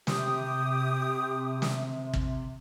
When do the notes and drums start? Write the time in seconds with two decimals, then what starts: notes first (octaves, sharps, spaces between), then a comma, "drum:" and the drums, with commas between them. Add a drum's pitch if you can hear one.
0.07 C3 G4 D#6, drum: snare
1.62 drum: snare
2.13 drum: kick